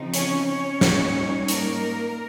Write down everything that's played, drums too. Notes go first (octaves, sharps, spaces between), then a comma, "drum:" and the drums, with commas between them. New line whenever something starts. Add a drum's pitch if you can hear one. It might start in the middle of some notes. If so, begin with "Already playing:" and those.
Already playing: C#3 F3 C4 D#4
C#4 C#5, drum: hi-hat
C#4 C#5
G#2 G3 A#3 D#4, drum: snare
A#3 A#4, drum: hi-hat